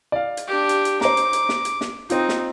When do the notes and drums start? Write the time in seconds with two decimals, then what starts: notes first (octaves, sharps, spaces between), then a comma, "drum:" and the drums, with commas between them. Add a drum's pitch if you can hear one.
0.12 D5 F5
0.37 drum: hi-hat
0.47 D4 G4
0.69 drum: hi-hat
0.85 drum: hi-hat
1.01 C5 A#5 D6, drum: snare
1.17 drum: hi-hat
1.33 drum: hi-hat
1.49 drum: snare
1.65 drum: hi-hat
1.81 drum: snare
2.10 C4 D#4 F4, drum: hi-hat
2.29 drum: snare